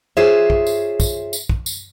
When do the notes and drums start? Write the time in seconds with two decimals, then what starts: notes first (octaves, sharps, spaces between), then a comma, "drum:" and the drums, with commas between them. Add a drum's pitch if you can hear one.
0.17 F4 G#4 C5 C#5 E5
0.50 drum: kick
0.66 drum: tambourine
1.00 drum: kick, tambourine
1.33 drum: tambourine
1.50 drum: kick
1.66 drum: tambourine